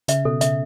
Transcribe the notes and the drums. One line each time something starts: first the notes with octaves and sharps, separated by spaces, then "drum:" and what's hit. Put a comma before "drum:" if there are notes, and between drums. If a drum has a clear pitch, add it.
C#3 E5, drum: hi-hat
B2 A4
C#3 E5, drum: hi-hat